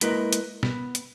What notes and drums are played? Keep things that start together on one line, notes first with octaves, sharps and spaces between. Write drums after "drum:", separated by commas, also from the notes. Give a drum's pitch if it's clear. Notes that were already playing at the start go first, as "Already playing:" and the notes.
G#3 A#3 E4 A#4 B4 D#5, drum: hi-hat
drum: hi-hat
B3, drum: snare
drum: hi-hat